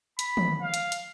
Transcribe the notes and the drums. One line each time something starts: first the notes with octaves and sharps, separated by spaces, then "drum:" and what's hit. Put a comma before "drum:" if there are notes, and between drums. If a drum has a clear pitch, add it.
B5, drum: hi-hat
drum: tom
F5
drum: hi-hat
drum: hi-hat